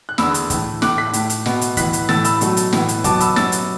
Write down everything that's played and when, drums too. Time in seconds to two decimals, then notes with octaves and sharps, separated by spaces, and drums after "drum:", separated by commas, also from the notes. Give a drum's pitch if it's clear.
0.09 F#6
0.18 E2 D3 B3 B5 E6, drum: snare
0.34 drum: hi-hat
0.50 A2 E3 A3, drum: kick, hi-hat
0.82 A2 A3 D6 F#6, drum: snare
0.98 F#6 B6
1.13 A2 A3, drum: hi-hat
1.30 drum: hi-hat
1.46 B2 B3, drum: snare
1.61 drum: hi-hat
1.77 A2 E3 B3 F#6 B6, drum: kick, hi-hat
1.93 drum: hi-hat
2.09 A2 E3 A3 E6 A6, drum: snare
2.24 B5 E6, drum: hi-hat
2.41 B2 F#3 A3, drum: hi-hat
2.57 drum: hi-hat
2.73 A2 E3 B3, drum: snare
2.88 drum: hi-hat
3.04 B2 F#3 B3 A5 D6, drum: kick, hi-hat
3.20 B5 E6, drum: hi-hat
3.36 F#2 F#3 B3 E6 A6, drum: snare
3.52 drum: hi-hat